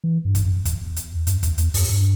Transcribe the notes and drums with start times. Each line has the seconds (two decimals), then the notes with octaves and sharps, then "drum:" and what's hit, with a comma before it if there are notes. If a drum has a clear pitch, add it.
0.04 E3
0.25 G2
0.35 drum: kick, hi-hat
0.46 F#2
0.65 E2, drum: kick, hi-hat
0.81 E2
0.96 drum: hi-hat
1.27 F#2, drum: hi-hat
1.43 E2, drum: kick, hi-hat
1.58 E2, drum: hi-hat
1.74 F#2, drum: open hi-hat
1.89 G2